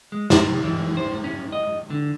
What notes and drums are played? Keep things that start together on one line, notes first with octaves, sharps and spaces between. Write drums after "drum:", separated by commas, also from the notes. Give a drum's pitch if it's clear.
G#3
C5, drum: snare
C2
E3
C5
C#4
D#5
D3